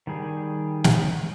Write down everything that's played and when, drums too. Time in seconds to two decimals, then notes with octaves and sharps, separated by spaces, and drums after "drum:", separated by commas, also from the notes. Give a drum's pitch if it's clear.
0.07 D#3 G3 G#4
0.84 drum: snare